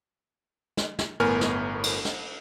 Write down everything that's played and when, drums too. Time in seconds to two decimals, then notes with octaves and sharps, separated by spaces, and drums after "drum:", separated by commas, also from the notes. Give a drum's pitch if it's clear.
0.77 drum: snare
0.99 drum: snare
1.20 G1 A2 B3 A#4 G#5 F6
1.41 drum: snare
1.84 drum: cymbal
2.05 drum: snare